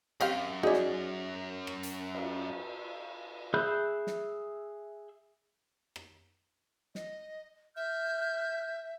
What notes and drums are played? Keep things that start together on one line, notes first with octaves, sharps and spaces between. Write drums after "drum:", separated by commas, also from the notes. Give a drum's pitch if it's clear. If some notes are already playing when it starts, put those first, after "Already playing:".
F#2 C4 G4 F5, drum: cymbal
D#4 E4 F#4 G#4 D5
drum: snare
drum: rim click
drum: hi-hat
drum: cymbal
G#4 E5 B5 F#6 G6
drum: snare
drum: rim click
D#5, drum: snare
E5 F6 G6